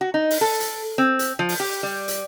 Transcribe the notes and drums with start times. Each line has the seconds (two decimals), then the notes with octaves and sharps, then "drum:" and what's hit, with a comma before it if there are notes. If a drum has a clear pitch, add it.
0.01 F#4
0.14 D#4
0.30 drum: open hi-hat
0.41 A4
0.60 drum: hi-hat
0.98 C4
1.19 drum: hi-hat
1.39 F3
1.49 drum: open hi-hat
1.60 G4
1.83 G3
2.08 drum: hi-hat